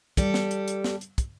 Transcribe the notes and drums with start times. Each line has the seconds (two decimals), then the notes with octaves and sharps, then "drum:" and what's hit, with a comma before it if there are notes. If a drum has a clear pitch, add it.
0.17 G3 A4, drum: kick, hi-hat
0.34 drum: snare
0.51 drum: hi-hat
0.68 drum: hi-hat
0.84 drum: snare
1.01 drum: hi-hat
1.18 drum: kick, hi-hat